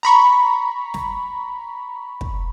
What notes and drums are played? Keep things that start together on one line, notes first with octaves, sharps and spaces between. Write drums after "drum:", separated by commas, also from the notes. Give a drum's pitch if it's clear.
A#5 B5 C#6
drum: snare
drum: kick